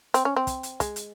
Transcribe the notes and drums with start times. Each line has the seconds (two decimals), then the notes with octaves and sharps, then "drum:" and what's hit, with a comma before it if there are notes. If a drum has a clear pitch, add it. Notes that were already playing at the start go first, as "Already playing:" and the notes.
0.14 C4, drum: hi-hat
0.25 C#4
0.36 C4
0.47 drum: kick, hi-hat
0.63 drum: hi-hat
0.80 G#3, drum: kick, hi-hat
0.96 drum: hi-hat